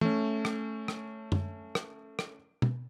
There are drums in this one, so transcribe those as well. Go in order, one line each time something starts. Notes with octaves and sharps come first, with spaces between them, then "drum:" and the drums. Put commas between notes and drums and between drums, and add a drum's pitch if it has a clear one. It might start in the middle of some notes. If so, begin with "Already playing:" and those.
A3 C#4, drum: tom
drum: rim click
drum: rim click
drum: tom F#2
drum: rim click
drum: rim click
drum: tom